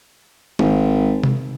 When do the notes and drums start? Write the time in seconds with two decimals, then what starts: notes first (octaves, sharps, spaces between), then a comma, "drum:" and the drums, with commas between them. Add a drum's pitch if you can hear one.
0.59 G#1, drum: tom
1.24 drum: tom C3